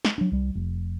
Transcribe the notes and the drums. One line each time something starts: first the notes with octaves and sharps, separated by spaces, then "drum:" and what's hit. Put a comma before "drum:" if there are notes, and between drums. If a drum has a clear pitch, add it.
drum: snare
F#3 D4
C2 G3
F1